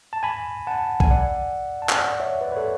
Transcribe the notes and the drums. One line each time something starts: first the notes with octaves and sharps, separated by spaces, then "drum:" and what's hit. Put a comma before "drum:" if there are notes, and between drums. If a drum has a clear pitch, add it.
A5
G#5 B5
F#5 A5
G#5, drum: kick
D5 F#5
A5
G#5, drum: clap
D5 F#5
C#5 E5
B4 D5
B4
A4 C#5